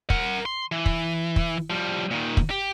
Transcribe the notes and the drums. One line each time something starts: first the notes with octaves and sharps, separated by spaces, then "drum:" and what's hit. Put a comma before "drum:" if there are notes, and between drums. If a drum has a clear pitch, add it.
A#4 F#5, drum: kick
C6
E3
drum: kick
drum: kick
F3 G3
A#2 D#3
drum: kick
G4